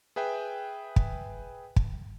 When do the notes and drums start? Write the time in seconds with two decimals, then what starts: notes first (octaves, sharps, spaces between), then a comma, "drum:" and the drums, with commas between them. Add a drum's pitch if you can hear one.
0.16 G#4 B4 E5 G5
0.96 drum: kick
1.76 drum: kick